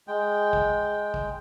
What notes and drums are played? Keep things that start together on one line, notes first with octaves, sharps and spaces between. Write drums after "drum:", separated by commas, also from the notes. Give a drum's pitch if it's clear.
G#3 G5
drum: kick
drum: kick